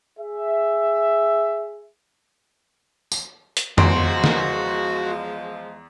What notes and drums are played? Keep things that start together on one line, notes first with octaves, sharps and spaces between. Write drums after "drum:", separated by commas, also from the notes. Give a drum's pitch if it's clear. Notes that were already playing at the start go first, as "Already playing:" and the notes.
G#4 E5
drum: tambourine
drum: hi-hat
E2 F3 G#3 F#4 C6 D7, drum: tom
drum: snare